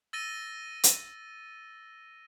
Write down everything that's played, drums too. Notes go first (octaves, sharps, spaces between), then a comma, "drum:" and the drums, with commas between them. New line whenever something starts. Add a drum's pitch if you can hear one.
E6 A6 A#6 D#7 G7
drum: hi-hat